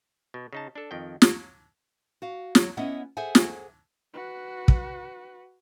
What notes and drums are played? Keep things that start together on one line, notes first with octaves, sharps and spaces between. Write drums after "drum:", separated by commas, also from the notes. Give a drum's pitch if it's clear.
B2
C#3 D#4 A5
D4 A4
F2 D#3 G5
drum: snare
F#4 F5
F#3, drum: snare
B3 C#4 E4 D#5 E5 F#5
G#4 A4 C5 E5 F#5 G#5
drum: snare
F#4 B4
drum: kick